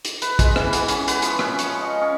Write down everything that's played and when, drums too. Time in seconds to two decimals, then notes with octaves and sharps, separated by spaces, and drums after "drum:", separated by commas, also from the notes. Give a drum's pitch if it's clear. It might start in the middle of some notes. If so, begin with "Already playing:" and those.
0.05 drum: hi-hat
0.22 B4, drum: hi-hat
0.39 G#3, drum: kick, hi-hat
0.56 E3, drum: rim click
0.73 B3, drum: hi-hat
0.88 C#4, drum: hi-hat
1.08 B4, drum: hi-hat
1.22 F3, drum: hi-hat
1.39 C#4, drum: rim click
1.59 C#6, drum: hi-hat
1.81 D#5
2.01 C#4